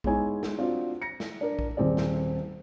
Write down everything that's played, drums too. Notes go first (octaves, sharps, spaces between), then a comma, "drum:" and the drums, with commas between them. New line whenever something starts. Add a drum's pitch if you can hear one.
G#3 B3 D#4 E4 C#5 G#5, drum: kick A#1
drum: snare
C4 D4 F4 F#4
A#6 C#7
drum: snare
D4 A#4
drum: kick A#1
D#1 C4 G#4 D5
drum: snare